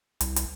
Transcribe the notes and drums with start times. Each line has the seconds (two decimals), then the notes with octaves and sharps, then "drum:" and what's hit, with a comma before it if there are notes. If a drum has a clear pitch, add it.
0.21 C2, drum: hi-hat
0.36 drum: hi-hat